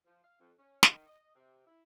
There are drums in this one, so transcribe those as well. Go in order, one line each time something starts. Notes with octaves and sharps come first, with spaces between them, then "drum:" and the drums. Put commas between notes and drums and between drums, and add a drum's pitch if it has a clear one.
F3
F5
F2
C#4
D#3, drum: snare
D#5
C3
E4